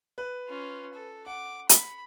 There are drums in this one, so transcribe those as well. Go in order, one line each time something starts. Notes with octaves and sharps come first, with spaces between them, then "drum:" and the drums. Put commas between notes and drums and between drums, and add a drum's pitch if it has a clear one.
B4 F#6
C#4 F4
A4
F#5 D6
B5, drum: hi-hat